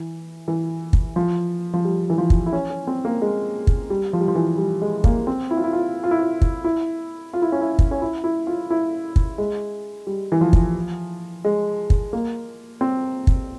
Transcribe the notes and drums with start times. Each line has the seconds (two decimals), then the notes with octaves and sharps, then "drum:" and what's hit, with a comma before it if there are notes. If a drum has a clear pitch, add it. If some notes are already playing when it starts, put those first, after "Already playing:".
Already playing: E3
0.48 E3
0.93 drum: kick
1.16 F3
1.74 F3
1.85 G3
2.10 E3
2.18 F3
2.30 drum: kick
2.46 E4
2.53 C#4
2.70 C#4
2.87 C4
3.05 A#3
3.22 G#3
3.67 drum: kick
3.90 G3
4.13 F3
4.21 G3
4.28 F3
4.35 E3
4.58 G3
4.82 G#3
5.04 A#3, drum: kick
5.27 C4
5.51 E4
5.57 F4
5.64 E4
5.73 F4
6.04 F4
6.11 E4
6.19 F4
6.42 drum: kick
6.64 E4
7.34 F4
7.42 E4
7.52 C#4
7.61 E4
7.79 drum: kick
7.91 C#4
8.02 E4
8.24 E4
8.47 F4
8.70 E4
9.16 drum: kick
9.38 G#3
10.07 G3
10.32 E3
10.41 F3
10.53 drum: kick
11.45 G#3
11.90 drum: kick
12.13 A#3
12.81 C4
13.27 drum: kick